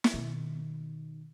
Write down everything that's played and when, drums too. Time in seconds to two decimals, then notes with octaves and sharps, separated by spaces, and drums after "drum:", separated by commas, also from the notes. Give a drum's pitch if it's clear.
0.04 drum: snare
0.13 B2 D#3